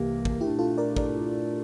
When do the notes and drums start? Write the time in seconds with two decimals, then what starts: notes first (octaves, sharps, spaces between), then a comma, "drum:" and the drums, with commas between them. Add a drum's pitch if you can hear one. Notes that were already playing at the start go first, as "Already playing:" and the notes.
Already playing: C2 C3 E3 A#3 G4 A#4
0.25 drum: kick
0.41 A#2 A3 D4 E4 G4
0.59 F4 A4
0.78 A#4 D5
0.96 A#4 D5, drum: kick